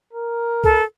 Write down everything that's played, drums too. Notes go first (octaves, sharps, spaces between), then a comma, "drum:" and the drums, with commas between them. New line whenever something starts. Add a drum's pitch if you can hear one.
A#4
A4, drum: kick